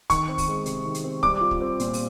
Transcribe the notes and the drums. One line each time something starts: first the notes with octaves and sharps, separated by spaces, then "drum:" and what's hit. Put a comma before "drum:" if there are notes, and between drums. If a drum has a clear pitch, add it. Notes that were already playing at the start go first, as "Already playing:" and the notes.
D#3 C#6, drum: kick, hi-hat
C4
drum: kick, open hi-hat
G#3
C3, drum: hi-hat
D#3
drum: hi-hat
C4
G3 D6, drum: kick
F4
drum: kick
C4
A#2, drum: hi-hat
drum: open hi-hat